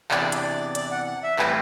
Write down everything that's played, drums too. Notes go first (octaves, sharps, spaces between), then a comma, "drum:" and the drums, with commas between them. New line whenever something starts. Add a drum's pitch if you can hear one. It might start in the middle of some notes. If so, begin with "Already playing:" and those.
E2 C3 E3 B3 D4 D5, drum: clap
drum: hi-hat
D5
D5, drum: hi-hat
F#5
F#5
E5
A2 E3 G3 C4 B4, drum: clap